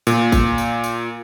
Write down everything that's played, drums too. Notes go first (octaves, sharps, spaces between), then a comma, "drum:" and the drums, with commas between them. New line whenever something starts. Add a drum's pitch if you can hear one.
A#2, drum: tambourine
drum: kick G#1, tambourine
drum: tambourine
drum: tambourine